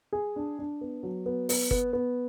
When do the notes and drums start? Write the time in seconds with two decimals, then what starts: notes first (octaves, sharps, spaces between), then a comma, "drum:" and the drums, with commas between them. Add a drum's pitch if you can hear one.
0.13 G#4
0.36 D4
0.59 D4
0.81 B3
1.03 F#3
1.26 B3
1.49 B3, drum: open hi-hat
1.71 B3, drum: kick G1
1.93 B3